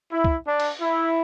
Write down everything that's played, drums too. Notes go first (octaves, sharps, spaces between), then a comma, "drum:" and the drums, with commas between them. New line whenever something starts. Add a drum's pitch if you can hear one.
E4
drum: kick
D4
drum: cymbal
E4